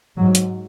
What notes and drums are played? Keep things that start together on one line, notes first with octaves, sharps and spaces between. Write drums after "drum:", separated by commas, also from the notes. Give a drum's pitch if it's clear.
G#2 F#3
drum: hi-hat